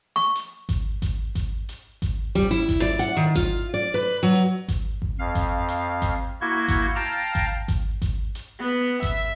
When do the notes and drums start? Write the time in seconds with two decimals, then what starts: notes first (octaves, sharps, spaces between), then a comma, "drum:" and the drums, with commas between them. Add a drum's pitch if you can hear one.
0.16 C#6
0.35 drum: hi-hat
0.69 drum: kick G#1, hi-hat
1.02 drum: kick G#1, hi-hat
1.35 drum: kick G#1, hi-hat
1.69 drum: hi-hat
2.02 drum: kick G#1, hi-hat
2.35 G3, drum: kick G#1, hi-hat
2.51 E4
2.69 drum: kick G#1, hi-hat
2.82 D5
2.99 F#5, drum: hi-hat
3.17 D#3
3.35 F4, drum: kick G#1, hi-hat
3.74 D5
3.94 B4
4.23 F#3
4.35 drum: hi-hat
4.68 drum: kick G#1, hi-hat
5.02 drum: kick G#1
5.19 F2 F5
5.35 drum: kick G#1, hi-hat
5.68 drum: hi-hat
6.02 drum: kick G#1, hi-hat
6.41 A#3 E4 F#4 G6 G#6
6.68 drum: kick G#1, hi-hat
6.96 F5 G5 A5 A#5
7.35 drum: kick G#1, hi-hat
7.68 drum: kick G#1, hi-hat
8.02 drum: kick G#1, hi-hat
8.35 drum: hi-hat
8.60 B3
9.02 E5, drum: kick G#1, hi-hat